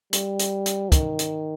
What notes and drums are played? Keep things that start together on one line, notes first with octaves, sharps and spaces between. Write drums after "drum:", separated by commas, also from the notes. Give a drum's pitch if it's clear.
G3, drum: hi-hat
drum: hi-hat
drum: hi-hat
D#3, drum: kick, hi-hat
drum: hi-hat